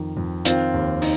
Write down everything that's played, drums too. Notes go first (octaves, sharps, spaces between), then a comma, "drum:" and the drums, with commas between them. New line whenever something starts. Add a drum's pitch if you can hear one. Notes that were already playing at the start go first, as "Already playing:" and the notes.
Already playing: F2 D#3
F2
D#3 C4 F4, drum: hi-hat
D#2
D#4, drum: open hi-hat